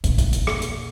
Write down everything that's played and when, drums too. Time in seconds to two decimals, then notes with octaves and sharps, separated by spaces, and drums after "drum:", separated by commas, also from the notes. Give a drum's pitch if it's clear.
0.04 E2 A#2, drum: hi-hat
0.18 drum: kick, hi-hat
0.33 drum: hi-hat
0.47 drum: rim click
0.62 drum: hi-hat